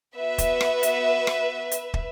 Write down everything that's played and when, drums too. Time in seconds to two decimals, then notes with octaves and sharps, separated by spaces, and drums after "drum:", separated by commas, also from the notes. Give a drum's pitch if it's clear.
0.16 B3 F#4 B4 E5
0.38 drum: kick, hi-hat
0.61 drum: rim click
0.83 drum: hi-hat
1.27 drum: rim click
1.71 drum: hi-hat
1.94 drum: kick